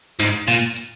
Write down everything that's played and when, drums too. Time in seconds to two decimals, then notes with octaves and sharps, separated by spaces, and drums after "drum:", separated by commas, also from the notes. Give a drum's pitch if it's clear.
0.20 G#2
0.48 A#2, drum: hi-hat
0.75 drum: hi-hat